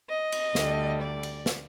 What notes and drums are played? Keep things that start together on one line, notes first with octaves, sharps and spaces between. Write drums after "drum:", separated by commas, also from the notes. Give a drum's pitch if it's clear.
D#5
drum: cymbal
D2 D3 G3, drum: snare
D5
drum: cymbal
drum: snare